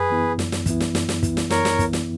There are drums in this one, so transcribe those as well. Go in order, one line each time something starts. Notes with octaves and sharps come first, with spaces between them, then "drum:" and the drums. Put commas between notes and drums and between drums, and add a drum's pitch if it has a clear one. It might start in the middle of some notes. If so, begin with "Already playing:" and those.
Already playing: F#2 G#4 B4
E3 B3 E4
F#2, drum: snare
drum: snare
E3 B3 E4, drum: kick, hi-hat
drum: snare
F#2, drum: snare
drum: snare
E3 B3 E4, drum: kick, hi-hat
drum: snare
F#2 A#4 C#5, drum: snare
drum: snare
E3 B3 E4, drum: kick, hi-hat
drum: snare